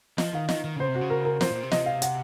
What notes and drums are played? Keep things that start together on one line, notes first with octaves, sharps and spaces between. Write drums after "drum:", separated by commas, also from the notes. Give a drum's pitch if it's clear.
F3 D#5, drum: snare
D#3 F5
D#3 D#5, drum: snare
D#3
C#3 C5
C3
F#4
C#3
A#4
A#4
C3 C5, drum: snare
A#2
C3
D#5, drum: snare
F5
F#5, drum: hi-hat